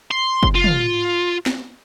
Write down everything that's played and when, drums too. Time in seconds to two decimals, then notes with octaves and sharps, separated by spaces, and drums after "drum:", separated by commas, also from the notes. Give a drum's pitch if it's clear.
0.11 C6
0.43 drum: kick F#1
0.55 F4
0.64 drum: tom
1.46 drum: snare